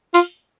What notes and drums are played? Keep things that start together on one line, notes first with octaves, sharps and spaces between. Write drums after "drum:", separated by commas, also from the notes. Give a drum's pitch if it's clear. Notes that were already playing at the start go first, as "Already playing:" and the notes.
F4, drum: open hi-hat